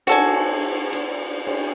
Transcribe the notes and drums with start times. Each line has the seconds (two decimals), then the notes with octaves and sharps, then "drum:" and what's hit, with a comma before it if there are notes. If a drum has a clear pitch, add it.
0.07 F#4 A4 G#5, drum: cymbal
0.92 drum: hi-hat
1.47 drum: cymbal